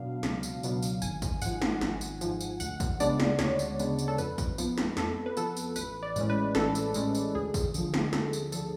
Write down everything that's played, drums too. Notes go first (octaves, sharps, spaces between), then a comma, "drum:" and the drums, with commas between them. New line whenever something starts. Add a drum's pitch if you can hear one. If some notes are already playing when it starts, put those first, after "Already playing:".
Already playing: B2 F#3 B3 D4 F5
C#2, drum: snare
drum: tambourine
B2 F#3 B3 D4, drum: tambourine
drum: tambourine
G#1 G#5, drum: tambourine
drum: kick, tambourine
G#2 F3 F#5, drum: tambourine
drum: snare
G#1, drum: snare
drum: tambourine
G#2 F3, drum: tambourine
drum: tambourine
D2 F#5, drum: tambourine
drum: kick, tambourine
C#3 G#3 B3 D4 D5, drum: tambourine
drum: snare
D2 C#5, drum: snare
drum: tambourine
C#3 G#3 B3 D4, drum: tambourine
drum: tambourine
A4
F2 B4, drum: tambourine
drum: kick, tambourine
F3 B3, drum: tambourine
drum: snare
F2 A4, drum: snare
B4
F3 B3 A4, drum: tambourine
drum: tambourine
A1 B4, drum: tambourine
D5
A2 G#3 C#4, drum: tambourine
B4
A1 A4, drum: snare
drum: tambourine
A2 G#3 C#4, drum: tambourine
drum: tambourine
D2 G#4
drum: kick, tambourine
D3 F3, drum: tambourine
drum: snare
D2 A4, drum: snare
drum: tambourine
D3 F3 A4, drum: tambourine